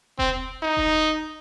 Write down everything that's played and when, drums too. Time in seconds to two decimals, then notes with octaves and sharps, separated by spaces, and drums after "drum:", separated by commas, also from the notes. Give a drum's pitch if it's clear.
0.19 C4, drum: kick E1
0.63 D#4
0.77 drum: kick E1